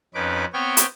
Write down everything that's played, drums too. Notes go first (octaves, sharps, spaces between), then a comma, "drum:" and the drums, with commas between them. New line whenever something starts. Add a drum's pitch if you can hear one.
F2 C#4 D#4 B4 D6
B3 C4 C#5 G5 F6
drum: hi-hat